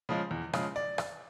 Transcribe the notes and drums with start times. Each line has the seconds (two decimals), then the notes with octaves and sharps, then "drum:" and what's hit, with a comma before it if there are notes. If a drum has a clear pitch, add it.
0.09 C#3 F3 G#3
0.31 E2
0.53 C#3 F3 G#3, drum: rim click
0.76 D5
0.98 drum: rim click